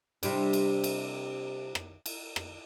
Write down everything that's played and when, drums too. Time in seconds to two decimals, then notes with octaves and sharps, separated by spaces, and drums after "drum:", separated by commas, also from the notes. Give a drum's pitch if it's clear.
0.23 C3 G3 D4, drum: cymbal
0.53 drum: cymbal
0.84 drum: cymbal
1.75 drum: rim click
2.06 drum: cymbal
2.36 drum: rim click